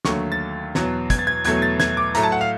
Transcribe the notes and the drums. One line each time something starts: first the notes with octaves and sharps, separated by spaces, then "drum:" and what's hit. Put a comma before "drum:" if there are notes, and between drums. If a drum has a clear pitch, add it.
D#2 D3 F#3 A3 C#6, drum: snare
A6
E2 B2 F#3, drum: snare
G#6, drum: kick, hi-hat
A6
G#6
E2 B2 F#3 A3 G#6, drum: hi-hat
A6
G#6, drum: snare
D6
A2 F#3 A3 A#5, drum: hi-hat
A5
F#5
F5